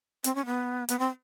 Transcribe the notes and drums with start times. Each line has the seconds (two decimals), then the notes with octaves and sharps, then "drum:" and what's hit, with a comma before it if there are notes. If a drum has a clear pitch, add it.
0.24 C4, drum: hi-hat
0.35 C#4
0.46 B3
0.89 B3, drum: hi-hat
0.99 C4